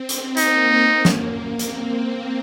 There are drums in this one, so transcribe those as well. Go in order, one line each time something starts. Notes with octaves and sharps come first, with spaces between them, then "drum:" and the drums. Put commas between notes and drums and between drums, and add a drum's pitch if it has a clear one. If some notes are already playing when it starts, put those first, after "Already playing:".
Already playing: C4
drum: hi-hat
A#3 D#4, drum: hi-hat
drum: snare
C4, drum: hi-hat